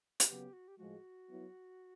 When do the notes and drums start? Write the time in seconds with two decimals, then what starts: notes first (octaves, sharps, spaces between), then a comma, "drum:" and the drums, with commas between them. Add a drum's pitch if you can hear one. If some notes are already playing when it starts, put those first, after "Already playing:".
0.20 F#4, drum: hi-hat
0.27 C#3 F#3 B3 G4
0.53 F#4
0.68 G4
0.78 A2 F3 G#3 F#4
1.28 F#3 B3 E4